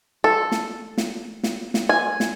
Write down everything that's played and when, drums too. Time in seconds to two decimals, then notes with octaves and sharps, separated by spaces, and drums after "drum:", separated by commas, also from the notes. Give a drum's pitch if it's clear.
0.24 A4
0.52 drum: snare
0.98 drum: snare
1.43 drum: snare
1.74 drum: snare
1.89 G#5
2.20 drum: snare